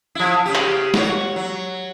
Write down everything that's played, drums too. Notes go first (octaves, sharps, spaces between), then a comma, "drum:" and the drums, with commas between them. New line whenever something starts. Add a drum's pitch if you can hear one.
F3 E4
C#3 G4
drum: clap
F#4 C#5, drum: snare
F#3